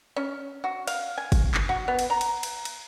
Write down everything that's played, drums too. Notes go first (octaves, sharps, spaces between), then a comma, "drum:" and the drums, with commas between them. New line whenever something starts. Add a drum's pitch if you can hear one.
C#4
F#4
F5, drum: cymbal
G#5
drum: kick, cymbal
drum: clap
F#4
B3
drum: cymbal
A#5
drum: cymbal
drum: cymbal
drum: cymbal